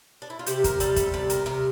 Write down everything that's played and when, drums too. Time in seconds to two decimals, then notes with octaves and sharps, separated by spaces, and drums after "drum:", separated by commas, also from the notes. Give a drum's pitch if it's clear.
0.22 D4
0.30 E4
0.39 F4
0.46 C3 G4, drum: hi-hat
0.64 A#4, drum: kick, hi-hat
0.80 G3 A4, drum: hi-hat
0.96 A4, drum: kick, hi-hat
1.14 C3 A4
1.30 A#4, drum: hi-hat
1.46 C3 A#4